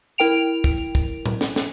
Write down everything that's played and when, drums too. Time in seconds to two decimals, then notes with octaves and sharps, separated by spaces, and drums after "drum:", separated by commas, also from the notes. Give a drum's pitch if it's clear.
0.18 E4 A#4 G5 D7 F7
0.64 drum: kick
0.95 drum: kick
1.26 drum: tom A2
1.41 drum: snare
1.56 drum: snare